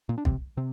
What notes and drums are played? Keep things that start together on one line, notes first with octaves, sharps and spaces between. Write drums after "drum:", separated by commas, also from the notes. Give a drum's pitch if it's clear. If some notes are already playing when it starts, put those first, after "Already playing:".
A#2 A#3
D4
C3 C4, drum: kick
C3 C4